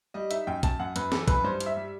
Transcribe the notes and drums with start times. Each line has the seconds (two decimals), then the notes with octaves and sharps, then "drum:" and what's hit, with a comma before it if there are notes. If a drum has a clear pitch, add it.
0.14 G3 D#5
0.31 D#4 E5, drum: hi-hat
0.47 F#2 G5
0.63 F#2 A5, drum: kick, hi-hat
0.79 F#2 F#5
0.96 F#2 B4, drum: hi-hat
1.12 E3 A4, drum: snare
1.28 F#2 B4, drum: kick, hi-hat
1.44 G2 C5
1.60 G2, drum: hi-hat
1.66 E5
1.77 G3